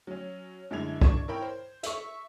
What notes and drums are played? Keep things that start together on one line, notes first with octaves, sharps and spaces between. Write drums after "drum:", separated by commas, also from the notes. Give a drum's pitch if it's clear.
F#3 C#4
F#2 D3 G#3 E4 G#6 F7
D4 C#6 G#6 E7, drum: kick
E4 A#4 C#5 G5 B5
C5
E5 C#6, drum: hi-hat